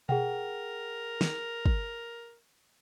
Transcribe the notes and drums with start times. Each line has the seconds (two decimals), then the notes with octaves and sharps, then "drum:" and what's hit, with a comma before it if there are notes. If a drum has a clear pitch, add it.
0.09 G#4 A#4 F#5 G5, drum: tom B2
1.21 drum: snare
1.66 drum: kick